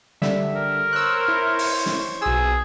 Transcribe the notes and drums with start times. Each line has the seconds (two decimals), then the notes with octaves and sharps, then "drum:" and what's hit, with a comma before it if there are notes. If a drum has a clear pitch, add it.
0.22 D3 G3 E5, drum: snare
0.56 A#4
0.93 C5 C#5 E6 F#6
1.28 E4
1.59 drum: open hi-hat
1.86 drum: snare
2.22 B1 G#4 E6